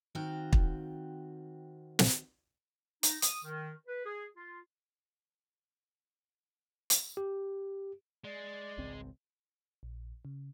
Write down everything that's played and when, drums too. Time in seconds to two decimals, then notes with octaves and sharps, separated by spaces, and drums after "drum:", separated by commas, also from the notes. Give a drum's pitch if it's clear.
0.15 D#3 C4 F#4 F5 G5
0.53 drum: kick
1.99 drum: snare
3.03 D#4, drum: hi-hat
3.22 D#6, drum: hi-hat
3.44 D#3
3.87 B4
4.05 G#4
4.37 F4
6.90 drum: hi-hat
7.17 G4
8.24 G#3 D5
8.78 G#1 C#2 C4
9.83 A#1
10.25 C#3